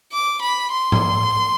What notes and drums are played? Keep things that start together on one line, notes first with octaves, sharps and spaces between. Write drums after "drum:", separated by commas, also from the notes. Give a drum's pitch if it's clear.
D6
B5
C6
drum: tom G#2